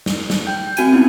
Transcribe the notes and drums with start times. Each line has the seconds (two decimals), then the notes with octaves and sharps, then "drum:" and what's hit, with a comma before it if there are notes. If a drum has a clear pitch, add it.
0.06 drum: snare
0.30 drum: snare
0.46 G5 G6
0.77 C4 F#4 G#5 G#6 D#7, drum: hi-hat
0.92 B3 C#4 D#4 E4